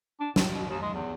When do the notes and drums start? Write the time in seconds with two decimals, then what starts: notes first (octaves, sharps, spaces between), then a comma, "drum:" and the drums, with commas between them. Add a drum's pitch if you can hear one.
0.20 D4
0.36 A2, drum: snare
0.54 B2
0.70 D#2
0.82 G#3
0.94 E2